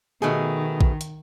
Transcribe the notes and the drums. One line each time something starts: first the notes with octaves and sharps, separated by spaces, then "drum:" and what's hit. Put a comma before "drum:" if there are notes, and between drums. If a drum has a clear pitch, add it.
B2 D#3 A3 G#4
drum: kick A#1
drum: hi-hat